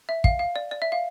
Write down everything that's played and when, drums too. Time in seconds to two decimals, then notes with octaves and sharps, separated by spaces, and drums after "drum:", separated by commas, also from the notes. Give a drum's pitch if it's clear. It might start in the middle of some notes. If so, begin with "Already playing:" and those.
0.09 E5
0.24 F5, drum: kick
0.39 F5
0.56 D5
0.71 D5
0.82 E5
0.92 F5